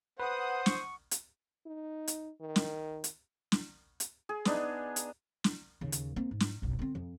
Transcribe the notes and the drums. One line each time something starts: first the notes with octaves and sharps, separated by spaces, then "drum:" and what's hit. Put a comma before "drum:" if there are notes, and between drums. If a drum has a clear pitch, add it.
B4 C5 F#5 D#6
C#6, drum: snare
drum: hi-hat
D#4
drum: hi-hat
D#3
drum: snare
drum: hi-hat
drum: snare
drum: hi-hat
G#4
B3 D4 D#4, drum: snare
drum: hi-hat
drum: snare
D#2 C#3
drum: hi-hat
A#3 C4
G#2
drum: snare
F#1 B1
D3 C4
F2